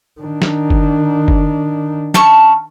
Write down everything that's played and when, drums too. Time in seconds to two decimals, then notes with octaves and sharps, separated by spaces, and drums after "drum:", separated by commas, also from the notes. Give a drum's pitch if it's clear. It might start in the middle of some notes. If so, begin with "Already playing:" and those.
0.21 D#3 D4
0.42 drum: snare
0.70 drum: kick F#1
1.28 drum: kick F#1
2.14 C#4 A5 C#6, drum: snare